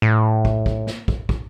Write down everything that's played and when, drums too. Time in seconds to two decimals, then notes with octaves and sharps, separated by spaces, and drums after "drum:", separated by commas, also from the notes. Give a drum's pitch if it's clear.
0.02 A2
0.45 drum: kick
0.66 drum: kick
0.87 drum: snare
1.08 drum: kick
1.29 drum: kick